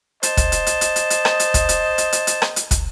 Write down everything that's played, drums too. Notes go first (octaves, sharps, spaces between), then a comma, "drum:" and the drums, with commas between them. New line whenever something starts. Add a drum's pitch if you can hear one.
C5 D#5 A5, drum: hi-hat
drum: kick, hi-hat
drum: hi-hat
drum: hi-hat
drum: hi-hat
drum: hi-hat
drum: hi-hat
drum: rim click
drum: hi-hat
drum: kick, hi-hat
drum: hi-hat
drum: hi-hat
drum: hi-hat
drum: hi-hat
drum: rim click
drum: hi-hat
drum: kick, hi-hat